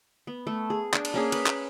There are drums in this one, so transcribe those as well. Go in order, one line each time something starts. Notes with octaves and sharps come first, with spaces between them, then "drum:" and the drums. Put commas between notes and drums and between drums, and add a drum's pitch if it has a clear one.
B3
A3
G#4
D4, drum: clap
drum: cymbal
A#3 C#4 G#4
B4, drum: cymbal
drum: clap